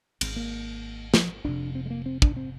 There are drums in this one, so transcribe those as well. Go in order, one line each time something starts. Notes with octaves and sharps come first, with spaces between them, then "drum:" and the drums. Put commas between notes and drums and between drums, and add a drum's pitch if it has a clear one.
G#1 G#2 C4, drum: cymbal
A#3
F3, drum: snare
F1 F2 C3 D4
C4
G#3
A#3
C4
D4, drum: kick
C4